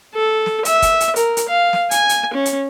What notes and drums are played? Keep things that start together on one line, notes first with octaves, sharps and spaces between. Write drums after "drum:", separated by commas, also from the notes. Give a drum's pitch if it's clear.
A4
drum: snare
E5, drum: hi-hat
drum: kick, hi-hat
drum: hi-hat
A#4, drum: hi-hat
drum: hi-hat
F5
drum: snare
G#5, drum: hi-hat
drum: hi-hat
C#4
drum: hi-hat